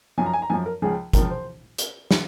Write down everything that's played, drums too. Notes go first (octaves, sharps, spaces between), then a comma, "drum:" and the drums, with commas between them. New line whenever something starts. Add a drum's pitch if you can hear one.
F#2 F3 G#5
A#5
G#5
A#5
F#2 F3 G#5
A#4
C#2 C#3 F3 G#4
C#2 C#3 F3 A#4, drum: kick, hi-hat
C5
drum: hi-hat
drum: snare